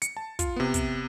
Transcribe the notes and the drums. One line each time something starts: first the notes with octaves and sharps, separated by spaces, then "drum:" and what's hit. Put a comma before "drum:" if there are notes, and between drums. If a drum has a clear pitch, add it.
C#7, drum: hi-hat
A5
F4, drum: kick, hi-hat
C3 B3
drum: kick, hi-hat